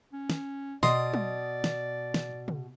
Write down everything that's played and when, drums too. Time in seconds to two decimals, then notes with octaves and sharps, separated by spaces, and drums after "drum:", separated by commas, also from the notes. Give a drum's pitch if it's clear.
0.13 C#4
0.30 drum: snare
0.83 B2 D5 D#5 C6, drum: snare
1.14 drum: tom
1.64 drum: snare
2.14 drum: snare
2.48 drum: tom